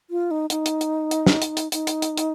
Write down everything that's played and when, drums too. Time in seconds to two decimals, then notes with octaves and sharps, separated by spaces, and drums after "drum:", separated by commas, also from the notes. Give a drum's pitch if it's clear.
0.10 F4
0.31 D#4
0.50 D#4, drum: hi-hat
0.66 drum: hi-hat
0.81 drum: hi-hat
1.11 drum: hi-hat
1.26 drum: snare
1.42 drum: hi-hat
1.57 drum: hi-hat
1.72 D#4, drum: hi-hat
1.87 drum: hi-hat
2.02 drum: hi-hat
2.17 drum: hi-hat